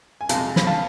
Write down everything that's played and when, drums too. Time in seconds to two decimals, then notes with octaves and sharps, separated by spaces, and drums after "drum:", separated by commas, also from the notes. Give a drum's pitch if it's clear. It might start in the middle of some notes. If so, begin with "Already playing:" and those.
0.21 G#5
0.29 F2 C3 G#3 F5 A5, drum: hi-hat
0.56 B5, drum: snare
0.67 F5 A5